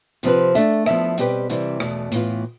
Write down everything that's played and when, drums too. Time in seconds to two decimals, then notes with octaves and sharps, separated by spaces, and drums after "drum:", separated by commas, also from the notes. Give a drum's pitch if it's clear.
0.23 C3 F3 C4 G4 B4, drum: hi-hat
0.55 A3 D4 A4 E5, drum: hi-hat
0.86 F3 B3 E4 A4 E5, drum: rim click
1.18 B2 G3 C4 G4 B4, drum: hi-hat
1.50 C3 E3 G3 C4 E4, drum: hi-hat
1.80 E2 B2 A3, drum: rim click
2.12 A2 E3 B3 F4, drum: hi-hat